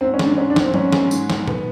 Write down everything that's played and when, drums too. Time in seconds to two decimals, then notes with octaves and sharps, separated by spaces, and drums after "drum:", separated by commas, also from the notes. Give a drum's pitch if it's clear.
0.01 G#2 C4
0.14 C#4
0.19 G#3, drum: snare
0.25 D4
0.37 G#2 C#4
0.50 D4
0.56 D#3, drum: snare
0.62 C4
0.74 G#2 C#4, drum: tom F#3
0.92 G#3, drum: snare
1.11 G#2, drum: tambourine
1.30 D#3, drum: snare
1.48 B3, drum: tom A#2